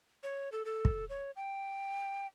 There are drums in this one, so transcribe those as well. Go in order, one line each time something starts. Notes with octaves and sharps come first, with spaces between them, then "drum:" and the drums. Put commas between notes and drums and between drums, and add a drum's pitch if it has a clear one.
C#5
A4
A4
drum: kick
C#5
G5